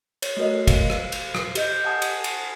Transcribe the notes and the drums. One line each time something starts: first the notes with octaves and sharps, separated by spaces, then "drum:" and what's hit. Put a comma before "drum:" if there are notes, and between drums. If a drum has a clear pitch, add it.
C#5, drum: cymbal
A3 F#4 A#4 D#5
F5, drum: kick, cymbal
drum: rim click
drum: cymbal
drum: rim click
G4 D#5 G6, drum: cymbal
F#5 G#5 A5 D#6 G#6
drum: cymbal
drum: cymbal